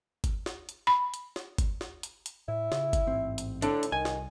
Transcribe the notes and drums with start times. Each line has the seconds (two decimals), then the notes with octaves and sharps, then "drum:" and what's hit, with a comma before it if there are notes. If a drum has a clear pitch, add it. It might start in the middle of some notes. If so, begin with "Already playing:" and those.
0.24 drum: kick G1, hi-hat
0.46 drum: snare
0.69 drum: hi-hat
0.87 B5
1.14 drum: hi-hat
1.36 drum: snare
1.58 drum: kick G1, hi-hat
1.81 drum: snare
2.03 drum: hi-hat
2.26 drum: hi-hat
2.48 A2 E4
2.72 C#3, drum: snare
2.93 drum: kick G1, hi-hat
3.07 A1 G#2 C4
3.38 drum: hi-hat
3.62 A2 D3 D4, drum: hi-hat
3.83 drum: hi-hat
3.92 C2 D#3 G#5
4.05 drum: snare